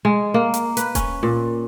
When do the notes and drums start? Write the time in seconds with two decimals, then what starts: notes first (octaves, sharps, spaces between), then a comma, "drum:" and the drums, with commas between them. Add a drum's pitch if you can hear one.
0.05 G#3
0.34 A#3
0.54 drum: hi-hat
0.77 B4, drum: hi-hat
0.95 C#4, drum: kick D#1, hi-hat
1.23 A#2